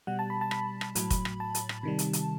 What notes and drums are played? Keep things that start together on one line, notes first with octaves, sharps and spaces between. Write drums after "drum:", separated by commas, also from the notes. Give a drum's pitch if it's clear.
B2 G3 F#5
A5
B5
A5
B5, drum: rim click
drum: rim click
A2 F#3, drum: hi-hat
drum: kick, hi-hat
drum: rim click
A5
drum: hi-hat
drum: rim click
C3 D#3 G3
drum: hi-hat
drum: hi-hat